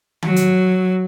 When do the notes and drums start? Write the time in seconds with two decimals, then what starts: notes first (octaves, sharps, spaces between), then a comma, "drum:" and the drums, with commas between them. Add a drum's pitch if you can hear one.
0.22 F#3, drum: tom D#3
0.36 drum: hi-hat